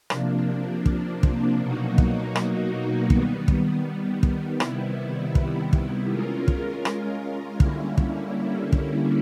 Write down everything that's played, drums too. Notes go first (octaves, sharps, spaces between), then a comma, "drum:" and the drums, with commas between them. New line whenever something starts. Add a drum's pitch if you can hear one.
C3 F3 A#3 D4, drum: rim click
drum: kick
drum: kick
B2 F#3 A#3 D#4 F#4
drum: kick
drum: rim click
D#3 G3 B3, drum: kick
drum: kick
drum: kick
C3 D#3 G3 B3 E4, drum: rim click
drum: kick
drum: kick
G#3 C#4 F4 A#4
drum: kick
drum: rim click
D3 G3 A#3 C#4 E4, drum: kick
drum: kick
drum: kick